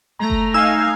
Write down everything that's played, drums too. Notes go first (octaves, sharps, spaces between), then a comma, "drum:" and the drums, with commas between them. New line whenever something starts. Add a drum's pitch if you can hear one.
A3 A#5
drum: kick F#1
D#4 F5 G#5 E6